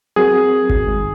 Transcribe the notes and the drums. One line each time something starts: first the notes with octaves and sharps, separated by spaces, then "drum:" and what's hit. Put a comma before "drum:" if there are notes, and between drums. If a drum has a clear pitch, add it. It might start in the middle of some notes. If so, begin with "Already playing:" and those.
F#3 C4 F#4 G#4 A#4
drum: kick G#1
D#2 D#3 G#3